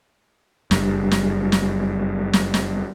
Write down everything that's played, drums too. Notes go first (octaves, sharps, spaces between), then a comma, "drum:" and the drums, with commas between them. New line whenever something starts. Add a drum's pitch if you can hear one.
F#1 G2, drum: snare
drum: snare
drum: snare
drum: snare
drum: snare